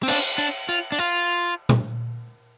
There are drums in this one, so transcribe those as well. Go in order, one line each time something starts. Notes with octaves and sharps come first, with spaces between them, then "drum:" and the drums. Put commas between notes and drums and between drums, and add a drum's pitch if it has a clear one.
C4
D4, drum: cymbal
D4
F4
D4
F4
drum: tom